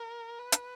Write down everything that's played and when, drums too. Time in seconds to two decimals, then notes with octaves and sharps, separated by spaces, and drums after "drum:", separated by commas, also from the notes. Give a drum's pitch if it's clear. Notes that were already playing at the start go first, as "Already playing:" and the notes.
Already playing: A#4
0.39 B4
0.52 drum: hi-hat